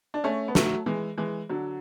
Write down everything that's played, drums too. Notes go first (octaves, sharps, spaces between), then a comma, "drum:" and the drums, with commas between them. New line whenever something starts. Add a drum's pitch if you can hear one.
D4
A3 C#4
B3
F#3 A3, drum: snare
E3 G#3
E3 G#3
D3 F#3